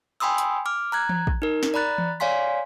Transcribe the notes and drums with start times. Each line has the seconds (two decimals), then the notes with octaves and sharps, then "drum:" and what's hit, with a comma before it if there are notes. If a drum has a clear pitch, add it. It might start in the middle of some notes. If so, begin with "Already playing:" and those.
0.20 G5 G#5 B5 C6 D#6 E6
0.38 drum: hi-hat
0.66 D6 F6
0.92 A#5 F#6 G#6
1.09 drum: tom E3
1.27 drum: kick
1.42 D#4 A#4
1.63 drum: snare
1.74 D5 A#5 B5 F#6 A6
1.98 drum: tom E3
2.20 C#5 D5 F5 G#5 C6 B6